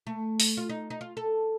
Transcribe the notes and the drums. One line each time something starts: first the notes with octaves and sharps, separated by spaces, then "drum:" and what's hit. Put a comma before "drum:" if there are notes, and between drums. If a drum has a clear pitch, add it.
A3
drum: open hi-hat
F4
D#4
D#4
F4
A4